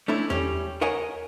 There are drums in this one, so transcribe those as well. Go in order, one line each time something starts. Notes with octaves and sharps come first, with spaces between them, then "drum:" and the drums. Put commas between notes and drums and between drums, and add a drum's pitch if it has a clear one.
A3 C#4 D4 E4
G3 C#4, drum: tom E2
A#4 C#5 D#5 F#5 G#5